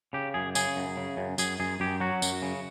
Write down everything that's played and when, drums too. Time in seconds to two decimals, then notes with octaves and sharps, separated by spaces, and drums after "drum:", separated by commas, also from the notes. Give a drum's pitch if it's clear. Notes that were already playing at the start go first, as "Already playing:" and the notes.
0.13 C#3 G4
0.34 F#2 G#4
0.55 C#3 G#4, drum: tambourine
0.76 F#2
0.97 C#3
1.17 F#2
1.38 F#2 G#4, drum: tambourine
1.60 F#2 G#4
1.80 F#2 G4
2.00 F#3 F#4
2.22 F#2, drum: tambourine
2.42 C#3